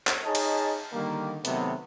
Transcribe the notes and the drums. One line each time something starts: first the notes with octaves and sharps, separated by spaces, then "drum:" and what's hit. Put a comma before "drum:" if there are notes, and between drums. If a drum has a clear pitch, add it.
drum: clap
D#4 G#4 C#5 D#5 A5
drum: cymbal
D3 D#3 G3 A#3
C3 D#3 F#3 A3 B3, drum: hi-hat